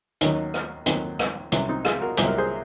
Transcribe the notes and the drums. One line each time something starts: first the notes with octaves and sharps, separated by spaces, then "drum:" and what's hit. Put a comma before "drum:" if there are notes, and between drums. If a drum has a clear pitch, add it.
D#2 D#3 F#3 C#4, drum: hi-hat
drum: rim click
D#2 D#3 F#3 C4, drum: hi-hat
drum: rim click
C2 C3 F#3 C#4, drum: hi-hat
C4 D#4
F4 G#4, drum: rim click
F#4 A#4
C2 C3 F#3 C5, drum: hi-hat
A#4
G#4 C5